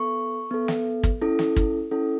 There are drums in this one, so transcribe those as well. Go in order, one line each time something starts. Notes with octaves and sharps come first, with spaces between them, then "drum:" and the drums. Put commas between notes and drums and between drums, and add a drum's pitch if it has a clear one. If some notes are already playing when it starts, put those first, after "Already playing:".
Already playing: B3 A4 C#6
B3 A4
drum: snare
drum: kick
C#4 E4 A4
drum: snare
drum: kick
C#4 E4 A4